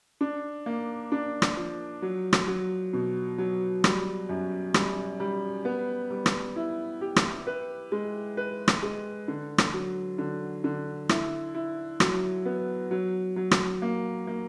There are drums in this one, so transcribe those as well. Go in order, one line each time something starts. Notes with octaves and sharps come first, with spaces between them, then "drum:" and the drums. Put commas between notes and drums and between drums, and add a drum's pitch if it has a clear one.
D4
A#3
D4
drum: rim click
F3
F#3
drum: rim click
F#3
B2
F#3
G3, drum: rim click
F#2
G3, drum: rim click
G3
B3
G3
drum: rim click
E4
G4
drum: rim click
B4
G#3
B4
drum: rim click
G#3
D3
drum: rim click
F#3
D3
D3
E4, drum: rim click
E4
F#3, drum: rim click
B3
F#3
F#3
drum: rim click
A#3
A#3